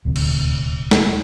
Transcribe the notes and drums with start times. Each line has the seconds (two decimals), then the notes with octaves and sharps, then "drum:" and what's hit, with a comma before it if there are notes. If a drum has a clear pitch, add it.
0.05 D#1 D2 C3
0.16 drum: cymbal
0.91 drum: snare